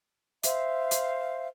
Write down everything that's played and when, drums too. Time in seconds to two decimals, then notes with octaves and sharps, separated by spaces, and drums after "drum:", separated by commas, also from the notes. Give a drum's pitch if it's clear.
0.43 C5 E5 F5, drum: hi-hat
0.91 drum: hi-hat